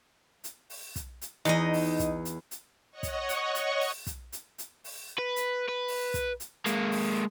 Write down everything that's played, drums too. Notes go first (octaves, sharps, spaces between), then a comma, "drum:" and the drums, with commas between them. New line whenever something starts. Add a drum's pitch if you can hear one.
drum: hi-hat
drum: open hi-hat
drum: kick, hi-hat
drum: hi-hat
E2 D#4 D#5, drum: hi-hat
drum: open hi-hat
drum: kick, hi-hat
drum: hi-hat
drum: hi-hat
C#5 D#5 F#5 C#6
drum: kick, hi-hat
drum: hi-hat
drum: hi-hat
drum: open hi-hat
drum: kick, hi-hat
drum: hi-hat
drum: hi-hat
drum: open hi-hat
B4
drum: hi-hat
B4
drum: open hi-hat
drum: kick, hi-hat
drum: hi-hat
G#3 A#3, drum: hi-hat
drum: open hi-hat